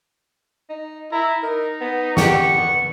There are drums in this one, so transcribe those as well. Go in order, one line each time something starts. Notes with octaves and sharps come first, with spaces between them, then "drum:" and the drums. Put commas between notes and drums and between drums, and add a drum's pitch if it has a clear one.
D#4
E4 A#5
D#4 A#4
B3
G4 F#5 C#6, drum: snare
B3